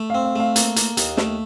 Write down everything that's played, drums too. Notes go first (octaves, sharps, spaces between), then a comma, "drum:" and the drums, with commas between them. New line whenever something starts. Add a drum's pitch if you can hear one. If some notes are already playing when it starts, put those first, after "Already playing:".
Already playing: A3
C4 F5
F5
A3 F5
A#3, drum: hi-hat
A#3, drum: hi-hat
D#2, drum: hi-hat
A3, drum: snare